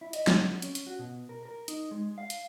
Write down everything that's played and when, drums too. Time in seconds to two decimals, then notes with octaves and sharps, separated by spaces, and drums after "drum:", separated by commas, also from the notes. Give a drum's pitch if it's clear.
0.01 E4
0.13 D#5, drum: hi-hat
0.27 C4, drum: snare
0.41 F#3
0.62 C#4, drum: hi-hat
0.75 drum: hi-hat
0.87 F#4
0.99 B2
1.29 A#4
1.45 A#4
1.68 D#4, drum: hi-hat
1.91 G#3
2.18 F5
2.30 drum: hi-hat